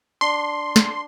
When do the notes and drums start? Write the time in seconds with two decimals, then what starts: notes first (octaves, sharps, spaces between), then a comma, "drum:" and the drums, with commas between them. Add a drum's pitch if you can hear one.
0.21 D4 C6
0.76 drum: snare